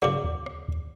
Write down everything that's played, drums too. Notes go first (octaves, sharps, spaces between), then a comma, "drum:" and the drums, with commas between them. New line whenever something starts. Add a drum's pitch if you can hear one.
C#3 F#3 G#4 D5 D6
drum: kick
drum: rim click
drum: kick